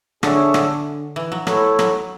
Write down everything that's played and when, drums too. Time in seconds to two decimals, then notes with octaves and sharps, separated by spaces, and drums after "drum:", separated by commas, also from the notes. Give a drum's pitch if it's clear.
0.23 D3 D4 G#4 C#5 E5, drum: rim click
0.54 D3, drum: rim click
1.16 E3
1.32 F#3
1.47 F#3 A3 E4 A4 C#5, drum: rim click
1.79 F#3, drum: rim click